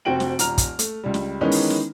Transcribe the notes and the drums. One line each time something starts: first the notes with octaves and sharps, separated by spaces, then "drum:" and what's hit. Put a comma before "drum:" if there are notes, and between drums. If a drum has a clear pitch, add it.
F1 C4 F#4 G5 D7 F#7
drum: snare
D#1 A#5 F6 F7, drum: hi-hat
drum: kick, hi-hat
A3, drum: hi-hat
C#2 G3
drum: snare
D#3 E3 G#3 B3 C#4 D#4
drum: open hi-hat
drum: snare